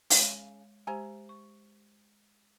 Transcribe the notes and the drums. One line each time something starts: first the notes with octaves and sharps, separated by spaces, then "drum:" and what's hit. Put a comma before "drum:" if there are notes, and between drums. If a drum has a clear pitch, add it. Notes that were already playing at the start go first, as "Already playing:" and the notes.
C#3 G#3 C#5 F5, drum: open hi-hat
G#3 G4 C5 G#5 A#5
C#6